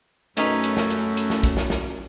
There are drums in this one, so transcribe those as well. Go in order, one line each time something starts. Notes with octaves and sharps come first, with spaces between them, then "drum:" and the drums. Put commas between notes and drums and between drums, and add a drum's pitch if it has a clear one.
F#2 A3 C#4 D#4 B4, drum: hi-hat
drum: hi-hat
drum: snare
drum: hi-hat
drum: hi-hat
drum: snare
drum: kick, hi-hat
drum: snare
drum: snare